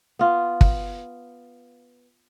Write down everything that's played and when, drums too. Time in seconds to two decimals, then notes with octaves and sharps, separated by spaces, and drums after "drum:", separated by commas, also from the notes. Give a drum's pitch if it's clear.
0.19 B3 F4
0.61 drum: kick